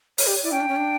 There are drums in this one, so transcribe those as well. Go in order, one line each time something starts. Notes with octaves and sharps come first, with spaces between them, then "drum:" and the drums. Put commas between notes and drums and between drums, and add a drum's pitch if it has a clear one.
C#5, drum: open hi-hat
G4 D5
C#5
E4 D5
C#4 G5
D4
C#4
D4